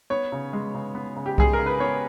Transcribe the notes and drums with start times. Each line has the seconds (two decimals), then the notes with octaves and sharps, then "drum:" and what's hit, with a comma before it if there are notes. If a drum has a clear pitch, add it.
0.10 B3 C#5
0.32 C#3
0.53 G#3
0.74 C#3
0.95 B3
1.16 C#3
1.26 G4
1.38 G#3 G#4, drum: kick C2
1.53 A#4
1.59 C#3
1.66 B4
1.80 B3 C#5